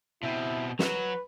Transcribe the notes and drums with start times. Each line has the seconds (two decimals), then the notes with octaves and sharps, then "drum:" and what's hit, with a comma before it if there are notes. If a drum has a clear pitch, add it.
0.23 B2 C4 E4
0.79 F#3 F#4 B4, drum: snare